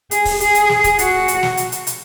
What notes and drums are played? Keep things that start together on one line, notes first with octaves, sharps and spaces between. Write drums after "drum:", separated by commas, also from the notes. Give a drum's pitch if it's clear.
G#4, drum: hi-hat
drum: kick, open hi-hat
G#4, drum: hi-hat
drum: hi-hat
drum: snare
drum: kick, hi-hat
F#4, drum: hi-hat
drum: hi-hat
drum: snare
drum: hi-hat
drum: hi-hat
drum: hi-hat